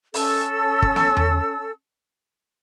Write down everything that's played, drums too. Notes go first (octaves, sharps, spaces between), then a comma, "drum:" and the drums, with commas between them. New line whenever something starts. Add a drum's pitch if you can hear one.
C#4 A4 E6, drum: open hi-hat
drum: kick
drum: snare
drum: tom E2